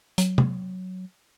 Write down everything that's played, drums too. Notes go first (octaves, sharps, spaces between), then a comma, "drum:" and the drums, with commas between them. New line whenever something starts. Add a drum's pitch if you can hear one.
F#3, drum: hi-hat
drum: tom C3